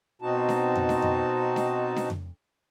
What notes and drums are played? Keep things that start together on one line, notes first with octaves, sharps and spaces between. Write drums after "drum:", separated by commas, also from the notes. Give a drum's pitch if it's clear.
B2 C4 D#4 F#4 A5
drum: snare D4
drum: tom F2
drum: snare D4
drum: tom F2
drum: snare D4
drum: snare D4
drum: tom F2